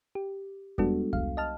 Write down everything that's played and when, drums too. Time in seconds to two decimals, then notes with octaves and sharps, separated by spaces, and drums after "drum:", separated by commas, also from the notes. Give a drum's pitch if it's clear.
0.15 G4
0.78 G3 G#3 B3 D4 F#4 A4, drum: kick E2
1.13 C2 F5, drum: kick E2
1.37 D#5 A5 F6